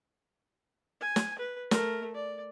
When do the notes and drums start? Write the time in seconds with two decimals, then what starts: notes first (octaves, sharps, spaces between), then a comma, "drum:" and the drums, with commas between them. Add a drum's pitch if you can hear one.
1.01 G#5
1.16 drum: snare
1.39 B4
1.71 A3 A#4, drum: snare
2.15 D5